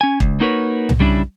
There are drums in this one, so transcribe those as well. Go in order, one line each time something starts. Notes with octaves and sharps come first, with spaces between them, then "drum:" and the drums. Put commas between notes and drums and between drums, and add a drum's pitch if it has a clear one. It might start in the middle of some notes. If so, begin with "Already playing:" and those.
C#4 G#5
C#2, drum: kick
A#3 D#4 F#4 A#4 B4 C#5
drum: tom C2
C#3 G3 C#4 D4 E4